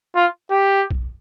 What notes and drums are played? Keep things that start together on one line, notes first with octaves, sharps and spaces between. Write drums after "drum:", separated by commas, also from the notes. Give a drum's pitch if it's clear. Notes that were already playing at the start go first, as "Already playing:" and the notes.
F4
G4
drum: kick B1